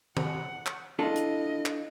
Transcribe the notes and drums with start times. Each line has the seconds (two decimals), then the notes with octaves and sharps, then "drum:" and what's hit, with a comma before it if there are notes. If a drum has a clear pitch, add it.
0.17 F#5, drum: tom D#3
0.66 drum: clap
0.99 D4 E4 F4 A4 D#5
1.16 drum: hi-hat
1.65 drum: clap